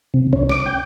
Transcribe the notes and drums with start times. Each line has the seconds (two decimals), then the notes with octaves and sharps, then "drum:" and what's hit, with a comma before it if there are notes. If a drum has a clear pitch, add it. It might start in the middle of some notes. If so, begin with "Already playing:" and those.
0.14 C3
0.33 C#4, drum: kick C2
0.49 D6, drum: snare
0.66 G5